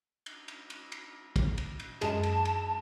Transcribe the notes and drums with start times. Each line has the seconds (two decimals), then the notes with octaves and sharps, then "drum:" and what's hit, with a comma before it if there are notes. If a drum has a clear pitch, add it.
0.26 drum: cymbal
0.48 drum: cymbal
0.70 drum: cymbal
0.92 drum: cymbal
1.36 drum: kick, cymbal
1.58 drum: cymbal
1.80 drum: cymbal
2.01 F#2 G#3 G#4 A5, drum: cymbal
2.23 drum: cymbal
2.45 drum: cymbal